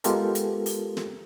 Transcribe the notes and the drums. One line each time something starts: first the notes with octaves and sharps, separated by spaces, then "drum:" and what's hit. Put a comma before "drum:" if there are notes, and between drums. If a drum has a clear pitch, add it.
G#3 B3 F4 G4 A4 A#4, drum: hi-hat
drum: hi-hat
drum: open hi-hat
drum: snare